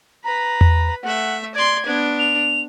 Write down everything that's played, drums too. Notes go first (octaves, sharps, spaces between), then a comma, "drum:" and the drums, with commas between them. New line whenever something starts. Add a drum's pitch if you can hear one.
B4 A#5 B5
drum: tom E2
A3 E5 F#5
D5 C6 G#6
B3 D4
F7